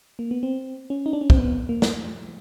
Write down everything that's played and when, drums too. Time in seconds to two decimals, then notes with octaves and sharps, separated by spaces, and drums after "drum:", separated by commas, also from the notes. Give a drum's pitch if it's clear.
0.19 A#3
0.31 B3
0.43 C4
0.90 C#4
1.06 D#4
1.13 D4
1.21 C#4
1.30 C4, drum: kick
1.37 B3
1.69 A#3
1.82 drum: snare